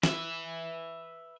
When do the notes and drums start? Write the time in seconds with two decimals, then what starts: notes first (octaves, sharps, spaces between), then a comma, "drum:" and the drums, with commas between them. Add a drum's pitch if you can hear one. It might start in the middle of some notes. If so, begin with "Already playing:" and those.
0.03 B4 E5, drum: snare